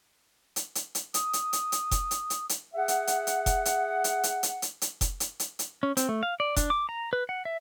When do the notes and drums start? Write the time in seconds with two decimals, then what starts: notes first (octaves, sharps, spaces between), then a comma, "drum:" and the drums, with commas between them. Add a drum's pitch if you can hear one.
0.56 drum: hi-hat
0.75 drum: hi-hat
0.95 drum: hi-hat
1.14 D#6, drum: hi-hat
1.33 drum: hi-hat
1.53 drum: hi-hat
1.72 drum: hi-hat
1.91 drum: kick F1, hi-hat
2.11 drum: hi-hat
2.30 drum: hi-hat
2.49 drum: hi-hat
2.74 G#4 E5 F#5
2.88 drum: hi-hat
3.07 drum: hi-hat
3.27 drum: hi-hat
3.46 drum: kick F1, hi-hat
3.65 drum: hi-hat
4.04 drum: hi-hat
4.23 drum: hi-hat
4.43 drum: hi-hat
4.62 drum: hi-hat
4.81 drum: hi-hat
5.01 drum: kick F1, hi-hat
5.20 drum: hi-hat
5.40 drum: hi-hat
5.59 drum: hi-hat
5.83 C#4
5.97 C4, drum: hi-hat
6.09 A3
6.23 F5
6.40 D5
6.56 D4, drum: kick F1, hi-hat
6.70 D6
6.89 A#5
7.13 B4
7.29 F#5
7.45 E5